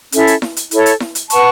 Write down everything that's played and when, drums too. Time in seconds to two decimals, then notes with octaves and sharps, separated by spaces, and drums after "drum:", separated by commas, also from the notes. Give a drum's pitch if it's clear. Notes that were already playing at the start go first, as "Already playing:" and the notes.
0.12 C#4 E4 A4 E5, drum: hi-hat
0.27 drum: hi-hat
0.42 drum: snare E4
0.57 drum: hi-hat
0.71 E4 A4 C#5, drum: hi-hat
0.86 drum: hi-hat
1.00 drum: snare E4
1.15 drum: hi-hat
1.30 B4 F#5 A5 C#6, drum: hi-hat